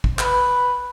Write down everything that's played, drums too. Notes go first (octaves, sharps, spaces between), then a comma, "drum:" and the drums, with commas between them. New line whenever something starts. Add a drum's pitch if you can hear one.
drum: kick
B4, drum: clap